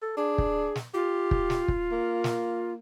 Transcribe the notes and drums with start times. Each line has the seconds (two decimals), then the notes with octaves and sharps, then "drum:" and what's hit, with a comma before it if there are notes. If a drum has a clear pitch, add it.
0.02 A4
0.17 D4 G#4
0.38 drum: kick
0.75 drum: snare
0.94 F4 G4
1.31 drum: kick
1.50 drum: snare
1.68 drum: kick
1.92 A#3
2.24 drum: snare